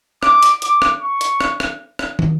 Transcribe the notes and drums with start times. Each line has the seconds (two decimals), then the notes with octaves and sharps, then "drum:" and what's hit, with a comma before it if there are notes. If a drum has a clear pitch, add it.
0.23 D6, drum: rim click
0.43 drum: hi-hat
0.62 D6, drum: hi-hat
0.82 drum: rim click
1.01 C#6
1.21 drum: hi-hat
1.40 drum: rim click
1.60 drum: rim click
1.99 drum: rim click
2.19 drum: tom